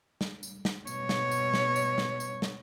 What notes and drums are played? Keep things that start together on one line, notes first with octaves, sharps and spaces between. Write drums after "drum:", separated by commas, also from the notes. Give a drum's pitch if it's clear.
drum: snare
drum: tambourine
drum: snare
B2 C#5, drum: tambourine
drum: snare
drum: tambourine
drum: snare
drum: tambourine
drum: snare
drum: tambourine
drum: snare